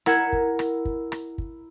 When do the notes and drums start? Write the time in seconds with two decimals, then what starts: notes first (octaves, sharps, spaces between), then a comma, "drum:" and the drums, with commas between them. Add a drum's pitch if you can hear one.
0.06 E4 A#4 F#5 G#6 C#7 E7, drum: rim click
0.33 drum: kick
0.59 drum: rim click
0.85 drum: kick
1.12 drum: rim click
1.38 drum: kick